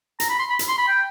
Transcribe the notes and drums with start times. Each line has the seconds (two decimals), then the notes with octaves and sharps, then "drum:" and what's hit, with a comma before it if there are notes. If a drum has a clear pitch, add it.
0.20 A#5, drum: hi-hat
0.30 B5
0.40 C6
0.50 B5
0.59 drum: hi-hat
0.69 C6
0.78 B5
0.88 G5